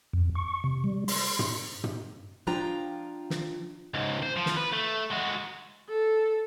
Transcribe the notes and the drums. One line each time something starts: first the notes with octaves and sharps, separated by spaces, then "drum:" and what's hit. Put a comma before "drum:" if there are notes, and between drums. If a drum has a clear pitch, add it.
F2
C#6
C3
G3
C6, drum: open hi-hat
drum: tom
drum: tom
F3 D4 F4 G5 A#5
drum: snare
C#2 G#2
C5
F3
drum: snare
B4
A3
G#3 F#4
A4